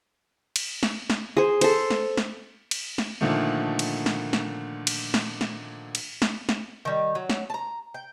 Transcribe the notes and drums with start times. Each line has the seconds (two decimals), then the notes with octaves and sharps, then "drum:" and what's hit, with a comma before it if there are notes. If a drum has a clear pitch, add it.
0.56 drum: cymbal
0.83 drum: snare
1.10 drum: snare
1.37 G#4 C5
1.61 A4 C5, drum: cymbal
1.90 drum: snare
2.17 drum: snare
2.71 drum: cymbal
2.98 drum: snare
3.21 A#2 D3 D#3 F3 A3
3.79 drum: cymbal
4.06 drum: snare
4.33 drum: snare
4.87 drum: cymbal
5.14 drum: snare
5.41 drum: snare
5.95 drum: cymbal
6.22 drum: snare
6.49 drum: snare
6.85 D#3 G3
7.15 F#3
7.30 drum: snare
7.50 A5 A#5
7.94 G5